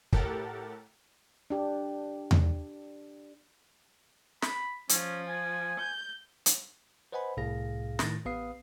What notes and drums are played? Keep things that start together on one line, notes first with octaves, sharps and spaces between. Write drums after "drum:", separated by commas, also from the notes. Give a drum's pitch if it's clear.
A2 G4 A4 A#4 F#5 A6, drum: kick
D4 G4
drum: tom E2
B5, drum: snare
F3 C#4, drum: hi-hat
G#5
G6
drum: hi-hat
B4 C5 D#5 F#5 G#5 B5
C2 A2 C3 G#4 F5 A#6
A2 D#3 A6 A#6, drum: snare
A1 B3 B4 F5 D#6 C7